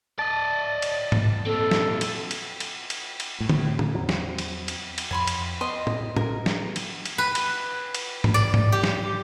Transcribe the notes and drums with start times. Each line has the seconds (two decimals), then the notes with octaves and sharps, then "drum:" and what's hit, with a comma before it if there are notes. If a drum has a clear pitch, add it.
0.19 D5 D#5 A5
0.82 drum: cymbal
1.12 drum: tom G#2
1.46 A#2 C4 A4
1.71 drum: snare
2.01 drum: cymbal
2.31 drum: cymbal
2.60 drum: cymbal
2.90 drum: cymbal
3.20 drum: cymbal
3.40 A2
3.49 drum: tom D3
3.79 drum: tom A2
3.94 E2 F#3 C4
4.09 drum: snare
4.38 drum: cymbal
4.68 drum: cymbal
4.98 drum: cymbal
5.11 F2 C#5 B5 C6
5.27 drum: cymbal
5.61 B3 D#5 C6
5.87 drum: tom A2
6.16 A#4, drum: tom A2
6.46 drum: snare
6.76 drum: cymbal
7.06 drum: cymbal
7.18 B4
7.35 drum: cymbal
7.95 drum: cymbal
8.24 drum: tom G#2
8.34 D5
8.54 drum: tom G#2
8.72 G4
8.84 drum: snare